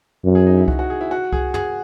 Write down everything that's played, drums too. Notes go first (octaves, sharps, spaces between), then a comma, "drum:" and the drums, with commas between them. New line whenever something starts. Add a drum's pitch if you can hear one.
F#2
G#4
D#4
E4
F#4, drum: kick C2
F#4
G#4
E4
F#4
G#4, drum: kick C2
G#4, drum: tom